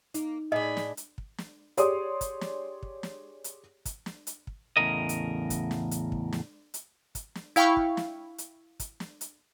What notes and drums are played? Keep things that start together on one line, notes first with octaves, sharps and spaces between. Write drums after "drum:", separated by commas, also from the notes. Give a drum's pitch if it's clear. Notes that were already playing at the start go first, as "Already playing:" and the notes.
A#3 D#4, drum: hi-hat
A2 D4 G#4 D#5 B5
drum: snare
drum: hi-hat
drum: kick
drum: snare
G4 G#4 C#5 D5 C6 D#6, drum: hi-hat
drum: kick, hi-hat
drum: snare
drum: kick
drum: snare
drum: hi-hat
drum: kick, hi-hat
drum: snare
drum: hi-hat
drum: kick
E2 A2 C#3 A#4 D#5
drum: hi-hat
drum: kick, hi-hat
drum: snare
drum: hi-hat
drum: kick
drum: snare
drum: hi-hat
drum: kick, hi-hat
drum: snare
E4 F5 G5 B5 C#6, drum: hi-hat
drum: kick
drum: snare
drum: hi-hat
drum: kick, hi-hat
drum: snare
drum: hi-hat